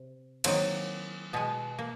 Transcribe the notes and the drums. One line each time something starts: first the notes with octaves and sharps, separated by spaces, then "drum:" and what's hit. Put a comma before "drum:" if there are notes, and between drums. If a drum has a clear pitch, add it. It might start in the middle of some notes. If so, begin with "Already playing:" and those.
Already playing: C3
D#3 F#3 A#3 C4, drum: cymbal
B2 G#3 B3
A#3